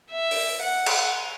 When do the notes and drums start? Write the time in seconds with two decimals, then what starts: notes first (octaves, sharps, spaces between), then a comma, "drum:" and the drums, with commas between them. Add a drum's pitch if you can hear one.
0.11 E5
0.31 drum: open hi-hat
0.61 F#5
0.86 drum: cymbal